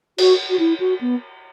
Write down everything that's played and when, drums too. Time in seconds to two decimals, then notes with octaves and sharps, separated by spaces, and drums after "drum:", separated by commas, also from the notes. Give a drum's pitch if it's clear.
0.18 F#4, drum: cymbal
0.49 F#4
0.59 E4
0.80 F#4
1.01 B3